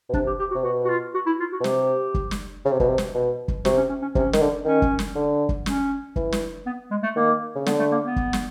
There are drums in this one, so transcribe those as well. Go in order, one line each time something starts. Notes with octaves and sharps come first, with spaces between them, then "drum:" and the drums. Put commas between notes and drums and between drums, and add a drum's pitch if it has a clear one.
B2
C3 D4, drum: kick
G4
G4
F#4
C3
B2 F#4
F#4
F4
F#4
E4
F4
F#4
B2
C3 G4, drum: snare
drum: kick
drum: snare
C#3
C3
B2, drum: kick
C3
drum: snare
B2
drum: kick
C3 F#4, drum: snare
C#4
C#4
C#4
C3 C#4, drum: kick
D#3, drum: snare
D3
D#3 C#4
drum: kick
drum: snare
D3
drum: kick
C#4, drum: snare
E3, drum: kick
drum: snare
B3
G#3
A3
D#3 A#3
C#3
D3 B3, drum: snare
A3
A#3
B3
drum: kick
drum: snare